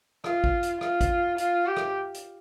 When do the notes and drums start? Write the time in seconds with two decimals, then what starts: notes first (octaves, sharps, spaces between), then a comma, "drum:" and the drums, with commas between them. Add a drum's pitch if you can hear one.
0.24 F4, drum: rim click
0.44 drum: kick G#1
0.63 drum: hi-hat
0.81 F4, drum: rim click
1.01 drum: kick G#1, hi-hat
1.38 F4, drum: hi-hat
1.67 G4
1.77 drum: rim click
2.14 drum: hi-hat